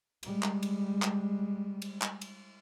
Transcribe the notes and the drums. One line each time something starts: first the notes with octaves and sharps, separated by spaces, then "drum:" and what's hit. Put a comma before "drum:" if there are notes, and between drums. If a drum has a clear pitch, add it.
G3 G#3, drum: cymbal
drum: clap
drum: cymbal
drum: clap
drum: cymbal
drum: clap
drum: cymbal